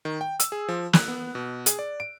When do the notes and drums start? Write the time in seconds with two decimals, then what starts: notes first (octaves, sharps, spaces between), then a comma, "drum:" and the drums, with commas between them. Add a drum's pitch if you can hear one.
0.05 D#3
0.21 G5
0.40 E6, drum: hi-hat
0.52 G#4
0.68 F3
0.93 F#6, drum: snare
1.08 B3
1.35 B2
1.66 G#4, drum: hi-hat
1.79 D5
2.00 D7